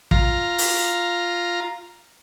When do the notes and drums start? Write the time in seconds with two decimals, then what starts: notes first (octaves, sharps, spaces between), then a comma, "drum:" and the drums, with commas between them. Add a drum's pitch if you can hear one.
0.11 F4 A#5, drum: kick
0.58 drum: open hi-hat